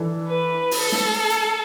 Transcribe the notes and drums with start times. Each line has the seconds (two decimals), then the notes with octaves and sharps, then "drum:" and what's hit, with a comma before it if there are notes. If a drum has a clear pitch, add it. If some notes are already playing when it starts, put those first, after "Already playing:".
Already playing: E3 D4 A4
0.26 B4
0.71 drum: open hi-hat
0.80 A4
0.92 drum: snare
1.30 drum: hi-hat